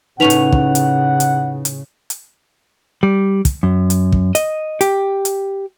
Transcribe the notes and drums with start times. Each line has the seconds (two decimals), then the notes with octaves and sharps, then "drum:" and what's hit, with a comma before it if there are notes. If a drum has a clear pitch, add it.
0.20 A2 C#3 C#4 D#4 B4 F#5 B5 F7
0.30 drum: hi-hat
0.52 drum: kick
0.75 drum: hi-hat
1.20 drum: hi-hat
1.65 drum: hi-hat
2.10 drum: hi-hat
3.03 G3
3.45 drum: kick, hi-hat
3.63 F#2
3.90 drum: hi-hat
4.12 drum: kick
4.35 D#5, drum: hi-hat
4.81 G4, drum: hi-hat
5.25 drum: hi-hat